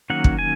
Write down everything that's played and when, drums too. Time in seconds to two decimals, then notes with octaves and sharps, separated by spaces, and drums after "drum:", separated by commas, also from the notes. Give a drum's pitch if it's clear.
0.10 D#3 F#3 A#3 C#4 F#5
0.24 drum: kick
0.39 G#5